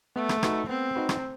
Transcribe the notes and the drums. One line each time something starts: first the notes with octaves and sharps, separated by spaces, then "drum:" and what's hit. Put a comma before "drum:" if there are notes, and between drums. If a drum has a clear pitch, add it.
A3 B3
drum: rim click
D#4 F#4 B4, drum: rim click
B3 C4
D#4 F#4 B4
drum: rim click